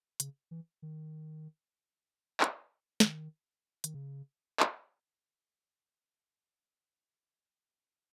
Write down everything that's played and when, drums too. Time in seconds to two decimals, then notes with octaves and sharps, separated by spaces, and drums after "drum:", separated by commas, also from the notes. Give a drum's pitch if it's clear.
0.20 C#3, drum: hi-hat
0.51 E3
0.82 D#3
2.41 drum: clap
3.00 D#3, drum: snare
3.84 D#3, drum: hi-hat
3.94 C#3
4.60 drum: clap